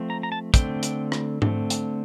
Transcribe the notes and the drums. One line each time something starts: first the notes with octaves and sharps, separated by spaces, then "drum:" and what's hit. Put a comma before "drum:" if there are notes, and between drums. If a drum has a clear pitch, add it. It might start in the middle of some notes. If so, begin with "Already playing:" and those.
Already playing: F3 A3 C4
A#5
A#5
A5
D3 A3 C4 G5, drum: kick, hi-hat
drum: hi-hat
drum: rim click
D3 A3 C4, drum: tom G#2
drum: hi-hat